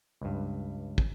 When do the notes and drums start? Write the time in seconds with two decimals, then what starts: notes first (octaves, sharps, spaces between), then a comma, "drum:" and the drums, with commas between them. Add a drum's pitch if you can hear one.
0.21 C#2 G2
0.98 drum: kick